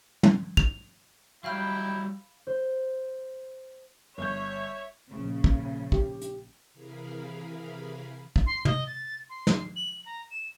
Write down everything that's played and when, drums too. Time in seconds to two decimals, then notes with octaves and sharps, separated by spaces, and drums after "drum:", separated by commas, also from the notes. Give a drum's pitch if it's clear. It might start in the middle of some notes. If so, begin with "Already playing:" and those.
0.23 drum: tom
0.57 F7, drum: kick
1.44 F#3 G3 D#4 E4 F5 G5 B5 F6
2.47 C5
4.18 G1 C#5 E5 G6
5.10 A#1 C#3
5.44 drum: kick
5.92 G4, drum: kick
6.22 drum: hi-hat
6.73 C3 E3 G#4 A#4 F5 B5
8.36 drum: kick
8.46 C6
8.65 D#5, drum: tom
8.87 A6
9.29 C6
9.47 drum: snare
9.76 F#7
10.06 A#5
10.31 E7